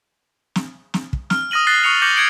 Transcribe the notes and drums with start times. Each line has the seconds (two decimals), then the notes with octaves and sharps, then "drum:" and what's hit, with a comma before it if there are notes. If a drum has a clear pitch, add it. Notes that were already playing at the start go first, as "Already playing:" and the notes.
0.56 drum: snare
0.94 drum: snare
1.13 drum: kick
1.30 F6, drum: snare
1.51 D#6 F6 A#6 D#7 F#7
1.67 D#6 F#6 A6 C7 G7
1.84 C#6 D#6 C#7 F7
2.02 D6 G6 A#6 C#7 F#7
2.16 G#6 C#7 D7 F#7